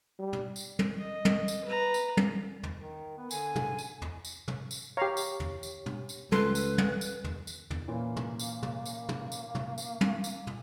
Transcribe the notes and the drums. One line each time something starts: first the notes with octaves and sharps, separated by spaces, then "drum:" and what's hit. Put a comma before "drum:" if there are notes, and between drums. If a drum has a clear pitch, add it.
G3
drum: tom
drum: tambourine
drum: tom
D#5
drum: tom
drum: tambourine
B4 A#5
drum: tambourine
drum: tom
drum: tom
D#3
B3
D3 G#5, drum: tambourine
drum: tom
drum: tambourine
drum: tom
drum: tambourine
drum: tom
drum: tambourine
G4 C#5 F5 A#5
drum: tambourine
drum: tom
drum: tambourine
drum: tom
drum: tambourine
C#2 A4 B4 C6, drum: tom
drum: tambourine
drum: tom
drum: tambourine
drum: tom
drum: tambourine
drum: tom
A#2 E3 A#3 C#4
drum: tom
drum: tambourine
drum: tom
drum: tambourine
drum: tom
drum: tambourine
drum: tom
drum: tambourine
drum: tom
drum: tambourine
drum: tom